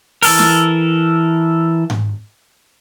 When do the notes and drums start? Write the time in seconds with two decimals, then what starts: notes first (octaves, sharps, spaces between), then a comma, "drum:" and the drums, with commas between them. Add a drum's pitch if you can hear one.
0.22 E3 A4 A#4, drum: open hi-hat
0.39 drum: snare
1.90 drum: tom G#2